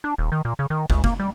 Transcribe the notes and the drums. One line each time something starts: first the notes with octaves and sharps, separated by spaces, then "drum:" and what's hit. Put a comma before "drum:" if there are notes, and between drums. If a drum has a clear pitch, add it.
D4
D#1
D#3
A#2
C#3
D#3
C#2, drum: kick
A#3, drum: kick
G3